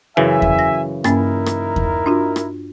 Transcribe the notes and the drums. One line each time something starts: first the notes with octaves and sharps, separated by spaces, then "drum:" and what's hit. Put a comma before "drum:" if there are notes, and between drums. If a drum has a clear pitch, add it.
F#2 C#3 E3 E5 G#5
drum: kick E2
A#6
G2 A#3 C#4 D#4 E4 A#4, drum: rim click
drum: rim click
drum: kick E2
D4 F4 F#4
drum: rim click